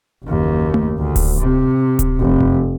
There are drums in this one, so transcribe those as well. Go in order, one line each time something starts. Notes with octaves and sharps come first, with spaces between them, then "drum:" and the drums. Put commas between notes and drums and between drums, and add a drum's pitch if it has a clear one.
F#1 D#2
drum: tom A3
D2
drum: kick D1, open hi-hat
C3
drum: kick D1, hi-hat
F1
drum: tom F#2